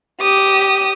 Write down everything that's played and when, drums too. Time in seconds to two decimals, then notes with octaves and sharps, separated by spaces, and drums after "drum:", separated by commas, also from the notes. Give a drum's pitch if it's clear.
0.21 G4 D#6, drum: open hi-hat